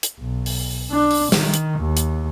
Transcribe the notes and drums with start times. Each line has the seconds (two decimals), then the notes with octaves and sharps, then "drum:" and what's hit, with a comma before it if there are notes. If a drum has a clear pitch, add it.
0.03 drum: hi-hat
0.20 B1
0.46 drum: open hi-hat
0.91 D4
1.11 drum: open hi-hat
1.32 D#3, drum: snare
1.54 drum: hi-hat
1.79 D#2
1.97 drum: hi-hat